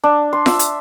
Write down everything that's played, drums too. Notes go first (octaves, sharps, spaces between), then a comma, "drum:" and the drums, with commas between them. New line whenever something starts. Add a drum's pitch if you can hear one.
D4
C6
E5, drum: snare F4
drum: hi-hat